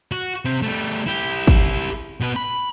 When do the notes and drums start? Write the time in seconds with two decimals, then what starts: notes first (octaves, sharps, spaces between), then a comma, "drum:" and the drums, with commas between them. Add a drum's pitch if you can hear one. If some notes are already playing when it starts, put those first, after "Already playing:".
0.12 F#4
0.45 C3 C4
0.62 G3 A3
1.06 E4 G4
1.47 drum: kick
2.20 B2 B4
2.36 B5